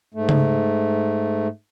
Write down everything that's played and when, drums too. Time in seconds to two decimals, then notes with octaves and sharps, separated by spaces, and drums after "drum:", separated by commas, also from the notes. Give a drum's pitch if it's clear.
0.14 G#2 A3
0.29 drum: tom C#3